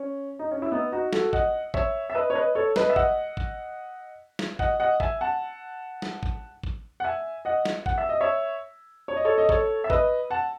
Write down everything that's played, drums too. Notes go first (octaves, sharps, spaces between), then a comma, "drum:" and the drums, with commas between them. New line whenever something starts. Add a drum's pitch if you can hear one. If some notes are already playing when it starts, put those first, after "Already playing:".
Already playing: C#4
D#4
C#4
E4
B3 D#4
D#4 F#4
F#4 A4, drum: snare
D#5 F#5, drum: kick A1
C#5 E5, drum: kick A1
E5
B4 D#5
C#5
B4 D#5
A4 C#5
B4 D#5, drum: snare
E5
D#5 F#5, drum: kick A1
drum: kick A1
drum: snare
D#5 F#5, drum: kick A1
D#5 F#5
E5 G#5, drum: kick A1
F#5 A5
drum: snare
drum: kick A1
drum: kick A1
F#5
E5 G#5
D#5 F#5
drum: snare
F#5, drum: kick A1
E5
D#5
C#5 E5
C#5
D#5
A4 C#5
D#5
A4 C#5, drum: kick A1
E5
B4 D#5, drum: kick A1
F#5 A5